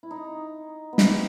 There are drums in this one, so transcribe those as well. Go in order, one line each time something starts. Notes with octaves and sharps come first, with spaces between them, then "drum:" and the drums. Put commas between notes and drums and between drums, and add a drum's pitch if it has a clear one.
E4
D#4
B3
C4, drum: snare